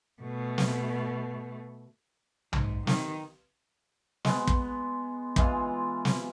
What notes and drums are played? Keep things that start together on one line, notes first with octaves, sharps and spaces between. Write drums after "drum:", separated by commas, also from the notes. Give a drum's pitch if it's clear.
B2 A3
drum: snare
G#2, drum: tom
D#3, drum: snare
G#3 B3, drum: snare
drum: kick
E3 G#3 F4, drum: kick
drum: snare